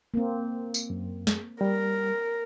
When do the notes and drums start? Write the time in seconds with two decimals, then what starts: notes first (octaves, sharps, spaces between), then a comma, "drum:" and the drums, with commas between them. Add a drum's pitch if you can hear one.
0.14 A#3 C4
0.74 drum: tambourine
0.90 F#2
1.27 drum: snare
1.61 G3 A#4